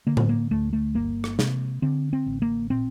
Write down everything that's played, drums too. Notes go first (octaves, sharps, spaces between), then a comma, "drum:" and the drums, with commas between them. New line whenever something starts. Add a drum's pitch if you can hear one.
D3 A#3
drum: tom A2
A#3
D2 A3
A3
G1 A#3
drum: rim click
C3, drum: snare
D3 C4
C4
A1
A#3
A#2 C4